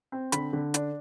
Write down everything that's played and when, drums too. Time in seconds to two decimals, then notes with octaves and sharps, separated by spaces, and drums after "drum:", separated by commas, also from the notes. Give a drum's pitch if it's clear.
0.12 C4
0.32 D3 B5, drum: hi-hat
0.53 D3
0.74 D4, drum: hi-hat